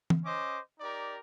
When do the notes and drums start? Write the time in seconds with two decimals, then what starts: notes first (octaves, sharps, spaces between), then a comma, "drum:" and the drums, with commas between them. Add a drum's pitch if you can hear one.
0.10 drum: tom E3
0.24 C#4 C5 D#5 D6
0.80 D#4 G4 A#4 D5